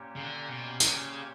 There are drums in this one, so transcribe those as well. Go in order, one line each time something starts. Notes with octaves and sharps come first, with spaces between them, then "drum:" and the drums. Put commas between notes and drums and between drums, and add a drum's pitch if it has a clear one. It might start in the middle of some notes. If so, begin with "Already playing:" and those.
Already playing: A#2 A#3 C#4 G4 C#5
C#3
D3
B2
C#3, drum: tambourine